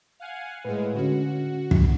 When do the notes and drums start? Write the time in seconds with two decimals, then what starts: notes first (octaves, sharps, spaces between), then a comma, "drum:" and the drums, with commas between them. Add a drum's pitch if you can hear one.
0.20 F5 F#5 G#5
0.65 A2 G#3 B4
0.95 D3 C#4 F#4
1.71 drum: kick